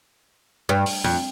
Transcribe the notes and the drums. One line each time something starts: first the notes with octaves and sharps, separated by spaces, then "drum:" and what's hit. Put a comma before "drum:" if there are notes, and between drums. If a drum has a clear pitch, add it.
G2
drum: open hi-hat
F2